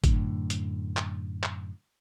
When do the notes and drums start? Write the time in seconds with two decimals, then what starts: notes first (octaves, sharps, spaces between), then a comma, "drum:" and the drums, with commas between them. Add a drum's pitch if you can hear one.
0.04 F#2 A2 D3, drum: kick, hi-hat
0.50 drum: hi-hat
0.97 drum: clap
1.43 drum: clap